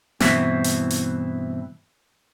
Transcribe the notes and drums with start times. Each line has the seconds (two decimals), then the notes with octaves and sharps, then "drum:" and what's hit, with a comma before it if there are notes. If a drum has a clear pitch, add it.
0.20 G2 B2 E3 C4 E4, drum: snare
0.64 drum: hi-hat
0.90 drum: hi-hat